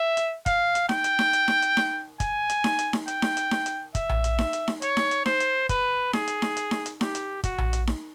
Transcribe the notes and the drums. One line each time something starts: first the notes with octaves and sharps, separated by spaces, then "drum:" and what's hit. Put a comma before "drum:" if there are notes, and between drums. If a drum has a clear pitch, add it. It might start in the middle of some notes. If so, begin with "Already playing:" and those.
Already playing: E5
drum: hi-hat
F5, drum: kick, hi-hat
drum: hi-hat
G5, drum: snare D#4
drum: hi-hat
drum: snare D#4
drum: hi-hat
drum: snare D#4
drum: hi-hat
drum: snare D#4
G#5, drum: kick, hi-hat
drum: hi-hat
drum: snare D#4
drum: hi-hat
drum: snare D#4
G5, drum: hi-hat
drum: snare D#4
drum: hi-hat
drum: snare D#4
drum: hi-hat
E5, drum: kick, hi-hat
drum: tom A#1
drum: hi-hat
drum: snare D#4
drum: hi-hat
drum: snare D#4
C#5, drum: hi-hat
drum: snare D#4
drum: hi-hat
C5, drum: snare D#4
drum: hi-hat
B4, drum: kick, hi-hat
G#4, drum: snare D#4
drum: hi-hat
drum: snare D#4
drum: hi-hat
drum: snare D#4
drum: hi-hat
G4, drum: snare D#4
drum: hi-hat
F#4, drum: kick, hi-hat
drum: tom A#1
drum: hi-hat
drum: snare D#4